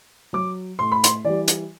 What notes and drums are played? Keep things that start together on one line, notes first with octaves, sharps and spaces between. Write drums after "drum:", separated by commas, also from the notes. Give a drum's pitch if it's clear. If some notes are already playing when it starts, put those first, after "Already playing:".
F#3 D6
A2 C6
B5
C6, drum: hi-hat
E3 G3 D5
drum: hi-hat